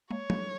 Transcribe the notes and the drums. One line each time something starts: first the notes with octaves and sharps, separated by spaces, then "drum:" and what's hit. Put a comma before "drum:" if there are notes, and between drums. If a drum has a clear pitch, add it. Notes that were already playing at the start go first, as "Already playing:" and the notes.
G#3 A#3 C#5
G#3 A#3, drum: tom F#3